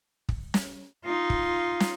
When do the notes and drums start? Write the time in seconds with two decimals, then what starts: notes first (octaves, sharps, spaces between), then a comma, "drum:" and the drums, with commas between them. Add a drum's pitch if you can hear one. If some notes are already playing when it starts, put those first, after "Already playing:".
0.29 drum: kick
0.54 drum: snare
1.04 D#4 F4
1.30 drum: kick
1.80 drum: snare